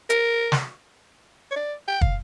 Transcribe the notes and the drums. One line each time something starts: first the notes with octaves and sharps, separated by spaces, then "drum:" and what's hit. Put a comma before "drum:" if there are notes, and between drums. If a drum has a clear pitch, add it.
A#4, drum: hi-hat
drum: snare
C#5
D5
G5
F5, drum: kick